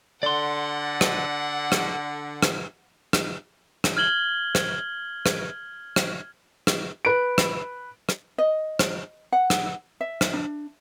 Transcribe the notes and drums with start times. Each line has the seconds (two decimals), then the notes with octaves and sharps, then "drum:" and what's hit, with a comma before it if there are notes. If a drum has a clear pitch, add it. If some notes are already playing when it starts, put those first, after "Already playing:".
0.23 D3 D5 F#5 C6
1.01 drum: rim click
1.72 drum: rim click
2.43 drum: rim click
3.13 drum: rim click
3.84 drum: rim click
3.97 F6 G#6 F#7 G7
4.55 drum: rim click
5.26 drum: rim click
5.96 drum: rim click
6.67 drum: rim click
7.05 B4 D7
7.38 drum: rim click
8.09 drum: rim click
8.38 D#5
8.79 drum: rim click
9.32 F#5
9.50 drum: rim click
10.01 E5
10.21 drum: rim click
10.33 D4